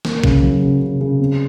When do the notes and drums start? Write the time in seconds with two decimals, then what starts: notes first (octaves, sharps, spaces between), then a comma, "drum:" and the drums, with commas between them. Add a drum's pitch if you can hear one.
0.05 A#3, drum: snare
0.24 C#3, drum: kick
0.43 F#3
0.62 C#3
0.81 C#3
1.01 C#3
1.20 C4